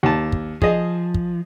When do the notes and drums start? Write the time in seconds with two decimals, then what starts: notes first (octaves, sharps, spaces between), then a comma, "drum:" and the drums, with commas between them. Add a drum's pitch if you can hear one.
0.03 D#2 A5
0.32 drum: kick
0.62 F3 G#4 D#5, drum: kick
1.15 drum: kick